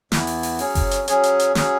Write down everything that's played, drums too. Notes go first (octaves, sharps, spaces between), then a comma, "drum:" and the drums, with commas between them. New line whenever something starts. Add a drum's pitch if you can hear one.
E2 E3 B3 E4, drum: snare
drum: open hi-hat
drum: open hi-hat
F#3 C#4 G#4 C#5, drum: open hi-hat
drum: kick F#1, open hi-hat
drum: hi-hat
F#3 C#4 G#4 C#5, drum: hi-hat
drum: hi-hat
drum: hi-hat
F#3 C#4 G#4 C#5, drum: snare